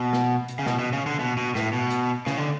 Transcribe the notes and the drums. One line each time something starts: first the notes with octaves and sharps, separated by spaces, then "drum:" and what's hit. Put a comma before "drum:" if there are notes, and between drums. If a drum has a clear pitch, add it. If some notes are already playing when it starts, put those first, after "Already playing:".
Already playing: B2
drum: snare
drum: hi-hat
C#3
B2, drum: snare
B2
C#3
D3
B2
B2
A2, drum: snare
B2
drum: hi-hat
C#3, drum: snare
D3